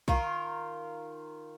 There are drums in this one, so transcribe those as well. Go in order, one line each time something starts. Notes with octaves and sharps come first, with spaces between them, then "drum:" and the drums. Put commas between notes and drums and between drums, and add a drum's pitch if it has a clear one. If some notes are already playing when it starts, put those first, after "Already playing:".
D#3 F4 A#4, drum: kick